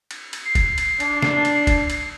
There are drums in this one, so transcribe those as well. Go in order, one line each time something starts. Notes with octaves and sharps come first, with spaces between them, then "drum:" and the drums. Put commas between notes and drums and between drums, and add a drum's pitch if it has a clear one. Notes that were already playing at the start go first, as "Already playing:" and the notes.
drum: cymbal
drum: cymbal
C7
drum: kick, cymbal
drum: cymbal
D4, drum: cymbal
drum: snare
drum: cymbal
drum: kick, cymbal
drum: cymbal